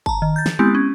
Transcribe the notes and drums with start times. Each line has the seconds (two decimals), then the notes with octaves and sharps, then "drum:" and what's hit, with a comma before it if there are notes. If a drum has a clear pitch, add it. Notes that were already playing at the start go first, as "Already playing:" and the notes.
0.06 A5 A#5, drum: kick G1
0.22 D#3
0.36 G6 A6
0.46 drum: snare
0.59 G#3 B3 C4 E4 G4
0.75 C#4